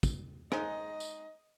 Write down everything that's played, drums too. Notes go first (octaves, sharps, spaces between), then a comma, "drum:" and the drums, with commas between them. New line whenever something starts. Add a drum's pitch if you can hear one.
drum: kick, tambourine
G#3 D#4 D#5 G#5, drum: rim click
drum: tambourine